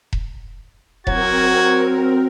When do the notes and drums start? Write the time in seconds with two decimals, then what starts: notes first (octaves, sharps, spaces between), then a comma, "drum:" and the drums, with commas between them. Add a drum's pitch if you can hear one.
0.13 drum: kick E1
1.07 F#3 C4 F#4 A#4 G#6, drum: kick E1